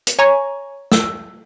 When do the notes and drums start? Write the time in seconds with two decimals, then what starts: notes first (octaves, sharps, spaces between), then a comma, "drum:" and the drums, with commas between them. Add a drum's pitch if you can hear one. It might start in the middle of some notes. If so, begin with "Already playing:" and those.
0.07 drum: hi-hat
0.19 C#5 G#5 A#5 C#6
0.92 E6, drum: snare